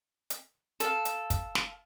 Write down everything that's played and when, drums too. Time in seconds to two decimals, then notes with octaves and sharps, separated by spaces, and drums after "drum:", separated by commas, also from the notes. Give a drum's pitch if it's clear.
0.30 drum: hi-hat
0.80 A4 F5, drum: hi-hat
1.05 drum: hi-hat
1.30 drum: kick, hi-hat
1.55 drum: snare